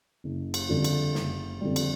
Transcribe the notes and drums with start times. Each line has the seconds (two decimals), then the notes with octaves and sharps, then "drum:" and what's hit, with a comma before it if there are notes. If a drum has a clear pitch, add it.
0.24 F#1
0.54 drum: cymbal
0.69 F2 D3 G3
0.84 drum: cymbal
1.15 F#1, drum: snare
1.61 F2 D3 G3
1.76 drum: cymbal